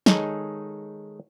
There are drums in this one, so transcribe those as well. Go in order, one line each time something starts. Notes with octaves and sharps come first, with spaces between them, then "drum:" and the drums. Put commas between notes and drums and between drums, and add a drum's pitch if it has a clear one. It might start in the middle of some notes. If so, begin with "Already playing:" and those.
D#3 G#3 D#4 G#4 A4 C#5, drum: snare